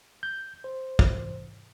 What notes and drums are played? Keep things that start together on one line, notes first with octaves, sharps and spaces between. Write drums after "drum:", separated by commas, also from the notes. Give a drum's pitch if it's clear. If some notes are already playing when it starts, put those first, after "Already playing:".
G6
C5
drum: kick